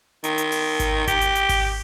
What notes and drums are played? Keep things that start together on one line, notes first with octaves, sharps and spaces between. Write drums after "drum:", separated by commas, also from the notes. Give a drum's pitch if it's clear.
D#3, drum: hi-hat
drum: hi-hat
drum: open hi-hat
drum: kick G#1, hi-hat
G4, drum: kick G#1, hi-hat
drum: hi-hat
drum: hi-hat
drum: kick G#1, open hi-hat